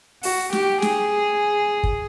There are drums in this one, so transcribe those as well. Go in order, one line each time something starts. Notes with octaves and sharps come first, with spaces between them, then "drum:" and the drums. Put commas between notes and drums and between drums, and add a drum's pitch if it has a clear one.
F#4, drum: open hi-hat
G4, drum: snare
G#4, drum: snare
drum: kick